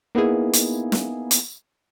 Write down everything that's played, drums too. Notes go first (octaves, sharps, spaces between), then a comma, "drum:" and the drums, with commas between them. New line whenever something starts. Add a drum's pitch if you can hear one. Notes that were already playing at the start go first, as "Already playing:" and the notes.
A#3 B3 D#4 E4 G#4
drum: hi-hat
drum: snare
drum: hi-hat